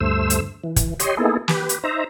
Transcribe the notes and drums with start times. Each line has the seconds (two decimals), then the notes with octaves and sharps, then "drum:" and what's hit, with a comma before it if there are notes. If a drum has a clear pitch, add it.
0.01 D2 G2 A3 C5 E6
0.30 drum: hi-hat
0.64 E3
0.76 drum: kick, hi-hat
1.00 G4 C#5 D#5 C6, drum: hi-hat
1.17 A#3 B3 D#4 E4 G#4 A4
1.48 G4 B4, drum: snare
1.69 drum: hi-hat
1.84 D#4 C5 E5 A#5